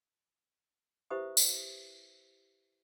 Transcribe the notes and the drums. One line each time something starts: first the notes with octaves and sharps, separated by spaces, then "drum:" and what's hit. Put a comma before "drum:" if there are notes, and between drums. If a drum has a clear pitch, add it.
E4 G4 B4 C5 E5 D#6
drum: tambourine